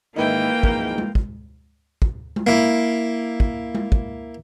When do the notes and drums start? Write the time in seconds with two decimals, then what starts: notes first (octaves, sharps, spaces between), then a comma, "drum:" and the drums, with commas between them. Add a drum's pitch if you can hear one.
0.16 G#2 D#3 E3 A#3 D#4 B4 E5 G5
0.63 F#1 F2 G#2 A#4, drum: kick
0.98 drum: tom G#3
1.15 drum: kick
2.02 drum: kick
2.36 drum: tom G#3
2.47 A#3 E4
3.40 drum: kick
3.75 drum: tom G#3
3.92 drum: kick